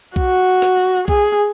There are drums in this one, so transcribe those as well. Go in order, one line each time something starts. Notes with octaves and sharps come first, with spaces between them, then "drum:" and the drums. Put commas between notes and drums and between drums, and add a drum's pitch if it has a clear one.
F#4, drum: kick B1
drum: snare
G#4, drum: kick B1